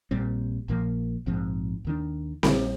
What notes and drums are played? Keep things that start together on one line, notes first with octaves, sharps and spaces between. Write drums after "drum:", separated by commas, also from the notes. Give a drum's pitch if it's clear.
A#1 A#2 G3 C4
A#1 A#2 F3 A#3
A#1 G#2 F3 C4
D#2 D#3 A#3 D4
A#1 A#2 G3, drum: snare C4